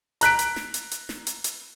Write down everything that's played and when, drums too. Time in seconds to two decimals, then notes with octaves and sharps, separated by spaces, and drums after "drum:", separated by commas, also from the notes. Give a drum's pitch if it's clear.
0.21 A#5 F#6 B6 D7, drum: hi-hat
0.39 drum: hi-hat
0.56 drum: snare
0.74 drum: hi-hat
0.91 drum: hi-hat
1.09 drum: snare
1.27 drum: hi-hat
1.44 drum: hi-hat